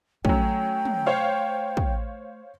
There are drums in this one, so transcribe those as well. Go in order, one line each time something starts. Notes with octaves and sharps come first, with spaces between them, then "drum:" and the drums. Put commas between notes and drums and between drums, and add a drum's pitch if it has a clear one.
F#3 A3 C#4 G5, drum: kick
drum: tom
C5 C#5 F5
drum: kick